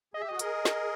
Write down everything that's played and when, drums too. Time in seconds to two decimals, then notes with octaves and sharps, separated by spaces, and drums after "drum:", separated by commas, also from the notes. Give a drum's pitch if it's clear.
0.14 G#4 D#5
0.22 G4 E5
0.29 F#4 G#4 D#5
0.39 G#4 A#4, drum: hi-hat
0.65 drum: snare